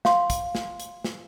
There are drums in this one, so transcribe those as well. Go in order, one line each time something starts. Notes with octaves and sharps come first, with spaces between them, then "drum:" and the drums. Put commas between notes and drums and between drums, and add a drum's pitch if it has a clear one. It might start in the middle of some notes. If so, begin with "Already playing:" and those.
F5 C6, drum: snare
drum: kick, hi-hat
drum: snare
drum: hi-hat
drum: snare